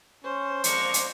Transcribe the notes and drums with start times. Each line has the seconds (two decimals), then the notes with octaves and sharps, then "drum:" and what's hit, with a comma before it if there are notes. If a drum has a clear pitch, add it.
0.24 C#4 C5
0.64 F2 G#3 A#3 D5 C#6, drum: hi-hat
0.94 drum: hi-hat